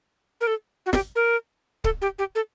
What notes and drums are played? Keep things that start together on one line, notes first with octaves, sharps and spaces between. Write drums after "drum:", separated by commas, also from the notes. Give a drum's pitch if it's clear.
A#4
A4
F#4
G4, drum: snare
A#4
A4, drum: kick C#1
G4
G4
A4